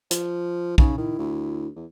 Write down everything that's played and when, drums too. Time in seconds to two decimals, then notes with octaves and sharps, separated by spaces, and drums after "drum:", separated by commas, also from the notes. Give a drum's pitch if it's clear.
0.11 F3, drum: hi-hat
0.78 C#3 D#4, drum: kick
0.98 D#3 E4
1.19 D2
1.76 E2